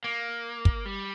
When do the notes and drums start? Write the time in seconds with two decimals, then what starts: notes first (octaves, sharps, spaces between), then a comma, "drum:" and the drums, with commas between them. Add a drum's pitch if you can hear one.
0.04 A#3
0.65 drum: kick
0.85 G3